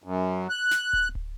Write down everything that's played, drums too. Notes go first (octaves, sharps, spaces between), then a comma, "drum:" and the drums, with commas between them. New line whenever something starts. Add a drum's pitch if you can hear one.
F#2
F#6
drum: snare
drum: kick
drum: kick